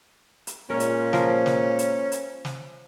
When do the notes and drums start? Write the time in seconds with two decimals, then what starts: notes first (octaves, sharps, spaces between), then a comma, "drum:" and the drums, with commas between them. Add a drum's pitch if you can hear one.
0.47 drum: hi-hat
0.70 A#2 G#3 A#3 C#4 A#4 C#5
0.80 drum: hi-hat
1.13 F3 A#4, drum: snare
1.46 drum: snare
1.79 drum: hi-hat
2.12 drum: hi-hat
2.45 drum: snare